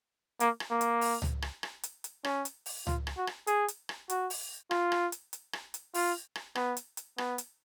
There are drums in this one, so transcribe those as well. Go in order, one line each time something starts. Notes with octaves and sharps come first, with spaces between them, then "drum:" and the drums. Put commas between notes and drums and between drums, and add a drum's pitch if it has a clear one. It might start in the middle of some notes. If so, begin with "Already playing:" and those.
A#3, drum: hi-hat
drum: rim click
A#3
drum: hi-hat
drum: open hi-hat
drum: tom C#2
drum: rim click
drum: rim click
drum: hi-hat
drum: hi-hat
C#4, drum: rim click
drum: hi-hat
drum: open hi-hat
F4, drum: tom C#2
drum: rim click
F#4
drum: rim click
G#4, drum: hi-hat
drum: hi-hat
drum: rim click
F#4, drum: hi-hat
drum: open hi-hat
F4, drum: rim click
drum: rim click
drum: hi-hat
drum: hi-hat
drum: rim click
drum: hi-hat
F4, drum: open hi-hat
drum: rim click
B3, drum: rim click
drum: hi-hat
drum: hi-hat
B3, drum: rim click
drum: hi-hat